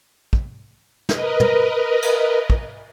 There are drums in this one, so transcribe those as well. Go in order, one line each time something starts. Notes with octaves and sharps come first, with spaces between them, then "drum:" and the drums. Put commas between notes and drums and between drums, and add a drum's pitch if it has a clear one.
drum: kick
A#4 B4 D#5, drum: snare
drum: tom
drum: cymbal
drum: kick